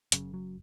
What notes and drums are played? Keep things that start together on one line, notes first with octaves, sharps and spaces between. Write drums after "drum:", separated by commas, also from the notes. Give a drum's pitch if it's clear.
F#1 F#2 C#3, drum: hi-hat
F#3